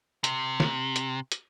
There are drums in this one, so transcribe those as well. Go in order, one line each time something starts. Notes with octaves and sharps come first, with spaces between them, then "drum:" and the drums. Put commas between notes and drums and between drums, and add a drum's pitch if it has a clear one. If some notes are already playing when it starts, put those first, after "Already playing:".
C3, drum: hi-hat
drum: snare
drum: hi-hat
drum: hi-hat